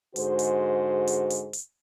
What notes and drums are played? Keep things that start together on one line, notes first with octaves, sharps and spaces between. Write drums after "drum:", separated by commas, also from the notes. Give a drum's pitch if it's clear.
G#2 D3 G#3 F#4 G#4 C5, drum: hi-hat
drum: hi-hat
drum: hi-hat
drum: hi-hat
drum: hi-hat